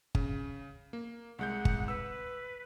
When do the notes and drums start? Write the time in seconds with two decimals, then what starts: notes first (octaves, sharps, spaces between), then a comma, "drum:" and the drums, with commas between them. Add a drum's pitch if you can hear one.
0.15 C#3, drum: kick G1
0.93 A#3
1.39 C2 G#3 F#5 G6
1.65 drum: kick G1
1.88 B4 E6